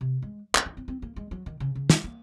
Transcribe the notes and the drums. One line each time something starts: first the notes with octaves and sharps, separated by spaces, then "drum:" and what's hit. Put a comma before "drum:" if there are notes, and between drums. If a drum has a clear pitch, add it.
C3
G#3
C#4, drum: clap
D#4
C4
C4
A#3
G#3
F#3
D#3
C#3
C#3
G#3, drum: snare
A#3